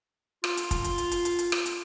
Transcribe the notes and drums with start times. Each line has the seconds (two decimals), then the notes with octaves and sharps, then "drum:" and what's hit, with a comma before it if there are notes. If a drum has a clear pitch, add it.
0.44 F4, drum: rim click
0.57 drum: hi-hat
0.71 drum: kick, hi-hat
0.84 drum: hi-hat
0.98 drum: hi-hat
1.11 drum: hi-hat
1.25 drum: hi-hat
1.39 drum: hi-hat
1.52 drum: rim click
1.66 drum: hi-hat